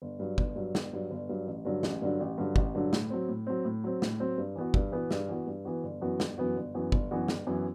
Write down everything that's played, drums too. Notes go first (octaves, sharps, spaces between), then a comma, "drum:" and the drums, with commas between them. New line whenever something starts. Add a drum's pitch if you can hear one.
G1
G2 F#3
G1, drum: kick
G2 F#3
G1, drum: snare
G2 F#3
G1
G2 F#3
A1
G2 D3 F#3
A1, drum: snare
G2 D3 F#3
A1
G2 D3 F#3
A1, drum: kick
G2 D3 F#3
A2, drum: snare
F#3 C4
A2
F#3 C4
A2
F#3 C4
A2, drum: snare
F#3 C4
G2
E3 B3 F#4
G2, drum: kick
E3 B3 F#4
G2, drum: snare
E3 B3 F#4
G2
E3 B3 F#4
G1
F#2 E3 B3 F#4
G1, drum: snare
F#2 E3 B3 F#4
G1
F#2 E3 B3 F#4
G1, drum: kick
F#2 E3 B3 F#4
G1, drum: snare
F#2 E3 B3 E4